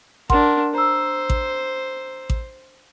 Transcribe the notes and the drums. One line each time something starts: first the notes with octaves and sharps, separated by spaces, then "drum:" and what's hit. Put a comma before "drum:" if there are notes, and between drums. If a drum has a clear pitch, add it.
D4 A#4 F#5 C6, drum: kick A1
C5 A#5 E6
drum: kick A1
drum: kick A1